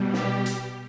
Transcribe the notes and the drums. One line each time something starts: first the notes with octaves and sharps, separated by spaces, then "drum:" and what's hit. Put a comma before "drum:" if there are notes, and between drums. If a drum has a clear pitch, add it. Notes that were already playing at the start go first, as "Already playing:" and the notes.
Already playing: B2 G3
G4, drum: snare
drum: hi-hat